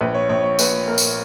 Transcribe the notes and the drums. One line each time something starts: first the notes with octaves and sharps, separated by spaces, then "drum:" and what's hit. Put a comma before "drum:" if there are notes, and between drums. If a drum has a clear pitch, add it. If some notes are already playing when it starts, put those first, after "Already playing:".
A#1 B4
C#5
A#1 C#5
C#5
A#2 B4, drum: tambourine
A#3 A#4
drum: tambourine